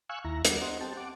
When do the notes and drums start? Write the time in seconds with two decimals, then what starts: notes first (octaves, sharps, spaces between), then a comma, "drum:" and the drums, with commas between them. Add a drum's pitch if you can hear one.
0.09 F5 G#5 C#6 E6 F#6
0.25 D#2 E4 A#5
0.45 G3 B3 D4 F#4, drum: hi-hat
0.62 C5 D#5 F#5
0.81 C4 G4 A5
0.97 F#5 D6